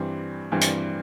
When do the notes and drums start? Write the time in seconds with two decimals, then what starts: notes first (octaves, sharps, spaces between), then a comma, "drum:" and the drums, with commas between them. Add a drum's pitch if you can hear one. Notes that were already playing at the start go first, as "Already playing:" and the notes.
Already playing: G2 E3 G3 C4
0.52 G2 E3 G3 C4
0.61 drum: hi-hat